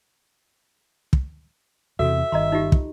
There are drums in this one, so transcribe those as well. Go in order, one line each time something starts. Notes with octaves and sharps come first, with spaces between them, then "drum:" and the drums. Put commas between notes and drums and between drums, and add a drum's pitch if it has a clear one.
drum: kick
E2 C3 E3 F#4 A4 E5
G1 D#3 D#5 A#5 C6
D#4 F4 G4
drum: kick